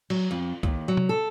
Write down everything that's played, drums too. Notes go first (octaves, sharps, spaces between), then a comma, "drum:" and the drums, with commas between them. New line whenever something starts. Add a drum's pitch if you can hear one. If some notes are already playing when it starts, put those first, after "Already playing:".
F#3, drum: cymbal
F2
D#2, drum: kick C2
F#3
drum: tom C3
A4